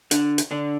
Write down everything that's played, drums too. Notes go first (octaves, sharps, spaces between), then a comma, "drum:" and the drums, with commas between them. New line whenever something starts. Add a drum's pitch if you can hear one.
D3 D4, drum: hi-hat
drum: hi-hat
D3 D4